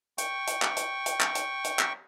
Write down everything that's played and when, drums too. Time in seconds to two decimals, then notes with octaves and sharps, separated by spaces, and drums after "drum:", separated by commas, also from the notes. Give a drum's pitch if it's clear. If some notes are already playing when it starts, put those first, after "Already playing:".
0.18 G5 C#6, drum: hi-hat
0.47 drum: hi-hat
0.62 drum: clap
0.77 drum: hi-hat
1.06 drum: hi-hat
1.21 drum: clap
1.35 drum: hi-hat
1.64 drum: hi-hat
1.79 drum: clap